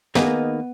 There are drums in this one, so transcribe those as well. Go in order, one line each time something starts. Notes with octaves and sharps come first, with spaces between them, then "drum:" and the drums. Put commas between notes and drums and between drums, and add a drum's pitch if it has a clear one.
D#3 A#3 B3 D#4 G#4 B4, drum: snare